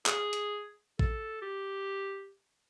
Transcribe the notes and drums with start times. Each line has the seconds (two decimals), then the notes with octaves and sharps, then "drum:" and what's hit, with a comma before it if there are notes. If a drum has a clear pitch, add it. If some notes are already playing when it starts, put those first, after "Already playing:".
0.06 G#4, drum: clap
0.33 drum: hi-hat
0.99 A4, drum: kick A1
1.42 G4